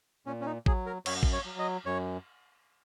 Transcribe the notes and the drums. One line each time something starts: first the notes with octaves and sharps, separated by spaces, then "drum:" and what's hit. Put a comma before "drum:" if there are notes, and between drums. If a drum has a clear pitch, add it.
A#2 C#4
C#4
D#4
F#3 G#4, drum: kick A1
A#4
F#2 C#5, drum: cymbal
drum: kick A1
C#5
F#3
D#5
F#2 C#5